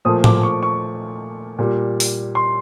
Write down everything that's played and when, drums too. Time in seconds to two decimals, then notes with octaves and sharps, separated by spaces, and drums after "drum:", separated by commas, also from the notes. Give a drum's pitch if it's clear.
0.05 A#2 F3 A3 D#6
0.24 D6, drum: tom A2
0.43 C#6
0.63 C#6
1.59 A#2 G3
2.00 drum: open hi-hat
2.35 C6